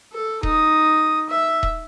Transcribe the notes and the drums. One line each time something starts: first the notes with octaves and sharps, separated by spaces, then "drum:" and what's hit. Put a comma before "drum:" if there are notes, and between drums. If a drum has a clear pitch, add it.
A4
D#4 D#6, drum: kick D#1
E5
drum: kick D#1